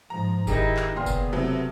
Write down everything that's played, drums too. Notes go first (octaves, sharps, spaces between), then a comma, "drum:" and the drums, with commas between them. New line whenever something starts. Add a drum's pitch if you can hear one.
G#2 F3 A#5
D#3 D#4 E4 G4 G#4 A#4, drum: kick F#1, tambourine
drum: clap
A#2 C#3 B3 G#4 G5 C6 F6
drum: kick F#1, tambourine
C3 F#3 A3